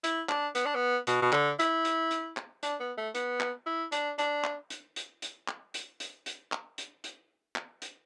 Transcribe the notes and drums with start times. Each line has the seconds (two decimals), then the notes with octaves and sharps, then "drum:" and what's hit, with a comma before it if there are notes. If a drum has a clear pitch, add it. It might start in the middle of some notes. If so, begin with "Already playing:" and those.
0.04 E4, drum: hi-hat
0.29 D4, drum: clap
0.55 B3, drum: hi-hat
0.66 D4
0.75 B3
1.07 B2, drum: hi-hat
1.22 B2
1.33 D3, drum: clap
1.60 E4, drum: hi-hat
1.85 drum: hi-hat
2.11 drum: hi-hat
2.37 drum: clap
2.63 D4, drum: hi-hat
2.80 B3
2.97 A3
3.15 B3, drum: hi-hat
3.41 drum: clap
3.67 E4
3.92 D4, drum: hi-hat
4.19 D4, drum: hi-hat
4.44 drum: clap
4.70 drum: hi-hat
4.96 drum: hi-hat
5.22 drum: hi-hat
5.48 drum: clap
5.74 drum: hi-hat
6.00 drum: hi-hat
6.26 drum: hi-hat
6.52 drum: clap
6.78 drum: hi-hat
7.04 drum: hi-hat
7.56 drum: clap
7.82 drum: hi-hat